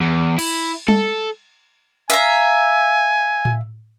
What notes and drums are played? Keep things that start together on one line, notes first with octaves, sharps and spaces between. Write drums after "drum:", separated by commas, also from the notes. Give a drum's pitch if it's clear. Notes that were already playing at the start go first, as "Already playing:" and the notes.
E2
E4, drum: cymbal
A4, drum: tom G3
E5 F5 G#5 A#5, drum: hi-hat
drum: tom A2